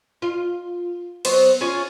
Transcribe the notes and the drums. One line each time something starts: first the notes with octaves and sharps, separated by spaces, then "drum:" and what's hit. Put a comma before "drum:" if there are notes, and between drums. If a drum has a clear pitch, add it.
F4
F#3 B3 C5, drum: cymbal
C#4 F4 G#4